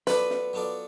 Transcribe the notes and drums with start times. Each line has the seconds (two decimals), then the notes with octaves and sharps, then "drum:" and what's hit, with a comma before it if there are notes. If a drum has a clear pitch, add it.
0.07 F#3 B3 F4 A4 B4 D5, drum: hi-hat
0.30 drum: snare
0.53 F#3 B3 F4 A4 D5